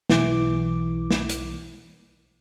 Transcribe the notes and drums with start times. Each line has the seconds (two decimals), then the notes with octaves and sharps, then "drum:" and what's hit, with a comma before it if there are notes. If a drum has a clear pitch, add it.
0.09 B1 E3 D6, drum: snare
1.11 drum: snare
1.29 drum: hi-hat